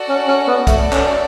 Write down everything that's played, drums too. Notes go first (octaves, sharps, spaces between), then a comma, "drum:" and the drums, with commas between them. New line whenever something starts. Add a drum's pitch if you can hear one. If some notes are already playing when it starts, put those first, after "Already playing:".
Already playing: F#4 A4 D5 F#5
C#4
C#4
B3
A3 F#4 A4 D5, drum: kick B1, hi-hat
C#4, drum: clap